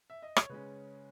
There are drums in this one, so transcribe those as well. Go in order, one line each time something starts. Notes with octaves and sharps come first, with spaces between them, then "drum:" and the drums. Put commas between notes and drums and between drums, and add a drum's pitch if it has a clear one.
E5
D#5
C#5, drum: rim click
C#3 G#3 C#4 B4